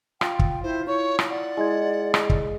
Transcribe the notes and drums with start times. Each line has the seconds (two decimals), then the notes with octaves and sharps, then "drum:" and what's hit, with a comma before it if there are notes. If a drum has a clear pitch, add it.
0.21 F4 G5, drum: rim click
0.39 drum: kick
0.63 E4 C5
0.87 E4 C#5 C#6
1.19 drum: rim click
1.29 D5 F#5
1.57 G#3 E4 D#5 G#6
2.14 drum: rim click
2.30 drum: kick